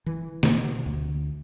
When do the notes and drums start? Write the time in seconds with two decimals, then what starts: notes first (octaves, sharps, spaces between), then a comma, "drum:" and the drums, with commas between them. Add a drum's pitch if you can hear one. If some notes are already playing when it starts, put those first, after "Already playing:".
0.06 E3
0.43 B2, drum: snare
0.86 D2